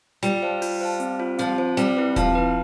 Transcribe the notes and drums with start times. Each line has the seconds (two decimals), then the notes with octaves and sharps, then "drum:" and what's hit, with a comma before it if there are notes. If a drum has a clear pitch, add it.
0.23 G3 F4, drum: hi-hat
0.42 C5 F5 A5
0.62 F4, drum: open hi-hat
0.81 C5 F5 A5
1.00 C4, drum: hi-hat
1.20 F4 C5
1.39 F3 C4, drum: hi-hat
1.58 F4 C5
1.77 G3 C4, drum: hi-hat
1.97 E4 B4
2.16 F3 C4, drum: kick D#1, hi-hat
2.35 E4 B4